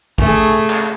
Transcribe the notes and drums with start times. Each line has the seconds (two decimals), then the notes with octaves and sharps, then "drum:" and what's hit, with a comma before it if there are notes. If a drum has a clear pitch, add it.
0.18 A3 G#4, drum: kick
0.70 drum: clap